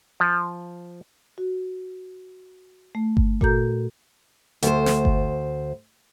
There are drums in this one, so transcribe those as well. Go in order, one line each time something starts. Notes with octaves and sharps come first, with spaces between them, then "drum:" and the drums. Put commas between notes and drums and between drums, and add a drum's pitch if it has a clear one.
F3
F#4
A3
drum: kick G1
A#2 F#4 A4 A#5 G6, drum: kick G1
D2 C5, drum: hi-hat
drum: snare
drum: kick G1